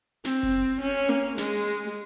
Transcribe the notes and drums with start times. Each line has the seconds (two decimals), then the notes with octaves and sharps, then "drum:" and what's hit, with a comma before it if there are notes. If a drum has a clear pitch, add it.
0.25 C4, drum: snare
0.43 drum: kick F#1
0.81 C#4
1.09 A#3
1.38 G#3, drum: snare